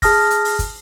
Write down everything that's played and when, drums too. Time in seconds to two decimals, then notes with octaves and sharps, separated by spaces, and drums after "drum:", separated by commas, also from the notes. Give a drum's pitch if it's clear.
0.02 G#4 A5 D#6 F6 A#6, drum: kick, open hi-hat
0.30 drum: hi-hat
0.45 drum: open hi-hat
0.59 drum: kick, hi-hat